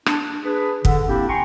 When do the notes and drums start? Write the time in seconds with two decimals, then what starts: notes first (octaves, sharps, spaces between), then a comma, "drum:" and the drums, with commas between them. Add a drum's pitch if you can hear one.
0.06 D4, drum: rim click
0.43 D4 G#4 B4
0.85 D3, drum: kick
1.08 A#3 C4 D4 E4 G4
1.28 G5 G#5 A#5 C6 C#6